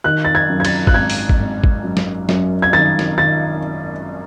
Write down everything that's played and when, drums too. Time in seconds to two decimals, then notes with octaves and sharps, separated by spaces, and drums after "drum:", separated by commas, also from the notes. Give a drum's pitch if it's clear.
0.04 D#3 F#6
0.25 A6
0.35 G#6
0.50 F#2
0.60 G#6
0.65 A6, drum: cymbal
0.87 F#6, drum: kick
0.94 G#1 G#6
1.10 drum: open hi-hat
1.29 drum: kick
1.39 G#1
1.64 drum: kick
1.84 F#2
1.97 drum: snare
2.29 F#2, drum: snare
2.62 G#6
2.73 D#3 A6
2.99 drum: snare
3.18 D#3 A6